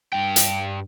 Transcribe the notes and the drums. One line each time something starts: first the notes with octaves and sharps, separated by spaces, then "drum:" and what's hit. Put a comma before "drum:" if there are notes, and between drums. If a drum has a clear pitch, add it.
G2 G5
drum: hi-hat